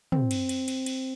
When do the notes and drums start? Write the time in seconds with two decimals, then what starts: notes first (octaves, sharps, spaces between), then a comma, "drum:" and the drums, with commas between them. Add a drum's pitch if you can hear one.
0.12 C4, drum: tom
0.31 drum: cymbal
0.49 drum: cymbal
0.68 drum: cymbal
0.86 drum: cymbal